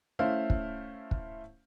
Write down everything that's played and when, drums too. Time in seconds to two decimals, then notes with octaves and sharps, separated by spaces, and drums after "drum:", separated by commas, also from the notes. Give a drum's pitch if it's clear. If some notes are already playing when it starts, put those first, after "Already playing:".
0.19 A3 C#4 E4 C5 E5 F5
0.50 drum: kick
1.11 drum: kick